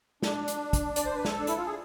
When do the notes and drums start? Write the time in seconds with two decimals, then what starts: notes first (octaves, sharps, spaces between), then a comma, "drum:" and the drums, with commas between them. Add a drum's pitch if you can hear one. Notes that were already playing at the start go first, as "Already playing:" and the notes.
0.22 D4, drum: snare
0.48 drum: hi-hat
0.73 drum: kick, hi-hat
0.96 D5, drum: hi-hat
1.05 C5
1.15 B4
1.25 A4, drum: snare
1.39 D4
1.47 E4, drum: hi-hat
1.56 F4
1.66 G#4